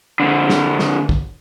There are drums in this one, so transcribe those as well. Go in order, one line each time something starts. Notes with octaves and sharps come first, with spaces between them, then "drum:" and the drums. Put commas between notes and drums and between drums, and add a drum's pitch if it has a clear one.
F2 D3
drum: snare
drum: snare
drum: kick